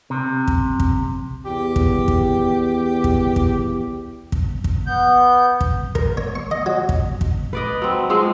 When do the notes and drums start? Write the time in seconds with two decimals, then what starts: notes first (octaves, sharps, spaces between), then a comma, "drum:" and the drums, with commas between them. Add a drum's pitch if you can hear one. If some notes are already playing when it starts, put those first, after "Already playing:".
0.10 C3
0.48 drum: kick
0.80 drum: kick
1.45 E2 G4
1.76 drum: kick
2.08 drum: kick
3.04 drum: kick
3.36 drum: kick
4.32 drum: kick
4.64 drum: kick
4.87 B3 G6
5.61 drum: kick
5.95 A#4, drum: kick
6.17 C#5
6.35 C#6
6.51 D#5
6.66 F#3
6.89 drum: kick
7.21 drum: kick
7.53 B4 D5 D#5
7.82 F#3 C4
8.10 F3 G#3 C4